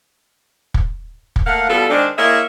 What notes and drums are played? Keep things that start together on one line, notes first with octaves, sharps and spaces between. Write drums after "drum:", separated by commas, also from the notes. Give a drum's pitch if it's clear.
drum: kick
drum: kick
A3 A#3 F5 F#5
B2 G3 B3 F4 A4
D#3 G#3 C4 D4
A#3 E4 G#4 C#5 D#5 E5